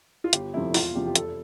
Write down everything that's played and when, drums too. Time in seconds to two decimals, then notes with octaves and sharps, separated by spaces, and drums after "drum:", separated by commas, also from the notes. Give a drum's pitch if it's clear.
0.24 F4
0.33 G1 G4, drum: hi-hat
0.54 F2 C3 F3 A3 E4
0.74 E1 F4, drum: open hi-hat
0.94 E2 C3 F3 G4
1.06 G4
1.15 F1 A4, drum: hi-hat